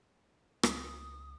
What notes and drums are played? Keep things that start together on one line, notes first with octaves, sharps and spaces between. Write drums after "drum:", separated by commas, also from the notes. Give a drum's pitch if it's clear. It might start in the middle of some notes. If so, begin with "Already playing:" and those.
C#2 D#6, drum: rim click